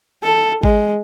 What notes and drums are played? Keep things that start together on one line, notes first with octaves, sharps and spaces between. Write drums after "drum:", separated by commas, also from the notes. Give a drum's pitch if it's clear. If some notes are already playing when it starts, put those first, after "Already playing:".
A4
G#3, drum: kick G#1